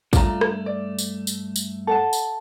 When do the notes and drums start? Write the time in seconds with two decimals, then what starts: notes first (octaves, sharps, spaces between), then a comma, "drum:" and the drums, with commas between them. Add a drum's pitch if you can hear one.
0.13 G2 A3 D4 F4 A#5, drum: kick, tambourine
0.41 drum: rim click
0.66 D5
0.99 drum: tambourine
1.27 drum: tambourine
1.56 drum: tambourine
1.87 A4 F#5 A5
2.13 drum: tambourine